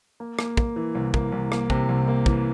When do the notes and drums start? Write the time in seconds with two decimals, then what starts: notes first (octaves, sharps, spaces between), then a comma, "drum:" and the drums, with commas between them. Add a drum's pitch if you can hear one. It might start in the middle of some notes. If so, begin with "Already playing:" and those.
0.20 A#3
0.39 A#3, drum: rim click
0.57 A#3, drum: kick
0.76 E3
0.95 C2
1.14 A#3, drum: kick
1.32 C2
1.52 A#3, drum: rim click
1.70 C3, drum: kick
1.89 C2
2.08 A#3
2.26 E3, drum: kick